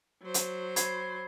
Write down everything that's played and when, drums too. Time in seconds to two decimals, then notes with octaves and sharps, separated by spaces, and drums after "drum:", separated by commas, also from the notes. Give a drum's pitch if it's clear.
0.23 F#3 C5
0.34 drum: hi-hat
0.76 B5 G#6 C7, drum: hi-hat